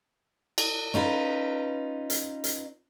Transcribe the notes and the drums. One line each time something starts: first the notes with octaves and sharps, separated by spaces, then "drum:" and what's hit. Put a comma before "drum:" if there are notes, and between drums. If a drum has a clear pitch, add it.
drum: cymbal
C#4 D#4 F4 B4
drum: hi-hat
drum: hi-hat